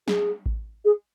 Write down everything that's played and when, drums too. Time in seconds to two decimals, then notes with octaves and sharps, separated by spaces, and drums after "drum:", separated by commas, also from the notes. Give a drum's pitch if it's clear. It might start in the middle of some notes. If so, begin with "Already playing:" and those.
0.08 G#4, drum: snare
0.46 drum: kick A1
0.85 G#4